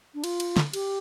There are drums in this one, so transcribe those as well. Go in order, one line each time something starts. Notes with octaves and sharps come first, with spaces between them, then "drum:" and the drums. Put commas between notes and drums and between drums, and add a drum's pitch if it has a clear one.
D4
F4, drum: cymbal
drum: cymbal
drum: snare
G4, drum: cymbal